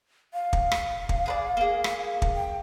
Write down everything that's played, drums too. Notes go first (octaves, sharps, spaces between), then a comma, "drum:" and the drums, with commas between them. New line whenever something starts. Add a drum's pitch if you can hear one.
F5
drum: kick
drum: rim click
drum: kick
G#4 B4 D5
A#3 G#4
drum: rim click
drum: kick
G5